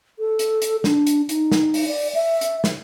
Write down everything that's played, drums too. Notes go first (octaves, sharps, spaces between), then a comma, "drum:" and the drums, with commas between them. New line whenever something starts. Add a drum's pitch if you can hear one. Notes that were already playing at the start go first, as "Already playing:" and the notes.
A4
drum: hi-hat
drum: hi-hat
D4, drum: snare
drum: hi-hat
D#4, drum: hi-hat
drum: snare
drum: open hi-hat
D5
E5
drum: hi-hat
drum: snare